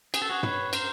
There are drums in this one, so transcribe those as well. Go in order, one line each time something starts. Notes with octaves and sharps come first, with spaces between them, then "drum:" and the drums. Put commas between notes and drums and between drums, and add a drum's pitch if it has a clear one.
G#4, drum: cymbal
A4
F#4 G#4
B4 C#5, drum: tom
A#4 C5, drum: cymbal